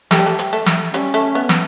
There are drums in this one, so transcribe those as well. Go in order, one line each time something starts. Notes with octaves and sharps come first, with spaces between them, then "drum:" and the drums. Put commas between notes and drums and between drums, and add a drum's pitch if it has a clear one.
A3 G4, drum: snare
G3
A3
drum: hi-hat
A3
drum: snare
G3 C#4, drum: hi-hat
A3
B3
drum: snare